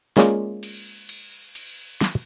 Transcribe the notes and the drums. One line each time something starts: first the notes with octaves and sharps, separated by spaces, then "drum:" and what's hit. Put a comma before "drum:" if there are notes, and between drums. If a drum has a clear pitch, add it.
G#3 A#3 C#4 F4 G#4 D5, drum: snare
drum: cymbal
drum: cymbal
drum: cymbal
drum: snare